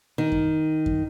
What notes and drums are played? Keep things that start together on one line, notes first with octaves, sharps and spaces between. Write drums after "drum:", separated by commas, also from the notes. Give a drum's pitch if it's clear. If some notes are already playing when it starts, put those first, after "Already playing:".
D#3
drum: kick F#2
drum: kick F#2